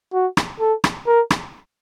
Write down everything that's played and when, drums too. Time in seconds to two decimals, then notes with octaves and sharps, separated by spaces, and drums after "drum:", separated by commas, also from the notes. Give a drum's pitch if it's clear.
0.13 F#4
0.37 drum: rim click
0.60 A4
0.84 drum: rim click
1.07 A#4
1.30 drum: rim click